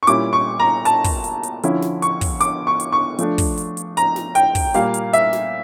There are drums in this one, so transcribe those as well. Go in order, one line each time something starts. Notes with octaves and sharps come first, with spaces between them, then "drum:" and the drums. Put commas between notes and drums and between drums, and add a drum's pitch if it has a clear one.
C#6
A#2 G3 C#4 E4 D6, drum: hi-hat
C#6
A#5
A5, drum: hi-hat
drum: kick, open hi-hat
drum: hi-hat
drum: hi-hat
D3 F3 C#4 E4, drum: hi-hat
drum: snare
C#6, drum: hi-hat
drum: kick, open hi-hat
D6, drum: hi-hat
C#6
drum: hi-hat
C#6
F3 A3 D4, drum: hi-hat
drum: kick, open hi-hat
drum: hi-hat
drum: hi-hat
A#5, drum: hi-hat
drum: snare
G5, drum: hi-hat
drum: kick, open hi-hat
A#2 G3 A#3 F5, drum: hi-hat
drum: hi-hat
E5, drum: hi-hat
drum: snare